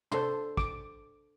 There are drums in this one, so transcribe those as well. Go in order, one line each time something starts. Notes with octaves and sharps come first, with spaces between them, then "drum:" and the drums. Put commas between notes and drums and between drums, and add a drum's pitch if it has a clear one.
D4 A4 C5 C6, drum: tom
D6, drum: kick